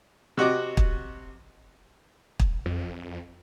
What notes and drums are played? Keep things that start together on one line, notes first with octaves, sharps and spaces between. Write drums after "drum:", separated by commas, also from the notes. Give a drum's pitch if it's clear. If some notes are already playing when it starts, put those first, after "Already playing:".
C3 F#4 D#5 D6
drum: kick
drum: kick
F2